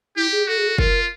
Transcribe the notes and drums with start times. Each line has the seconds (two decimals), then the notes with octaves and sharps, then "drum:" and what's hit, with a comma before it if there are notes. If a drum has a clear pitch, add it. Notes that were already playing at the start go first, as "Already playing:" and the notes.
0.16 E4 G4
0.32 G#4
0.47 F#4 A4
0.58 G#4
0.67 A4
0.78 F4 A#4, drum: kick